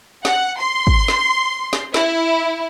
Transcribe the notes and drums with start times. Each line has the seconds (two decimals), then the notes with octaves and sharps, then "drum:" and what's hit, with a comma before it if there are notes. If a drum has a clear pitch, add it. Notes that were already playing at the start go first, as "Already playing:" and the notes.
0.25 F#5, drum: snare
0.58 C6
0.87 drum: kick
1.08 drum: snare
1.73 drum: snare
1.94 E4, drum: snare